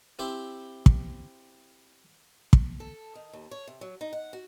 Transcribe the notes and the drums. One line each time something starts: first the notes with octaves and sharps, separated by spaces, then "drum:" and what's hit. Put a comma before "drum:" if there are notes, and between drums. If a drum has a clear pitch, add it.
C4 E4 G4 C5
drum: kick
drum: kick
A4
D#3
D#2
C#5
C3
F#3
D#4
F#5
F#4